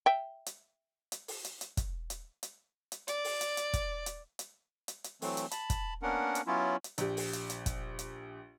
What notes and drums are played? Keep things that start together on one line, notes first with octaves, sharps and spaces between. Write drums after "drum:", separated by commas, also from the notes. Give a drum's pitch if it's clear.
E5 G5
drum: hi-hat
drum: hi-hat
drum: open hi-hat
drum: hi-hat
drum: hi-hat
drum: kick, hi-hat
drum: hi-hat
drum: hi-hat
drum: hi-hat
D5, drum: hi-hat
drum: open hi-hat
drum: hi-hat
drum: hi-hat
drum: kick, hi-hat
drum: hi-hat
drum: hi-hat
drum: hi-hat
drum: hi-hat
E3 F#3 A3 C4, drum: open hi-hat
drum: hi-hat
A5 B5, drum: hi-hat
drum: kick, hi-hat
A#3 B3 C#4 D4 A#4 F#5
drum: hi-hat
F#3 B3 C#4 E4 F4
drum: hi-hat
A#1 G4, drum: hi-hat
drum: open hi-hat
drum: hi-hat
drum: hi-hat
drum: kick, hi-hat
drum: hi-hat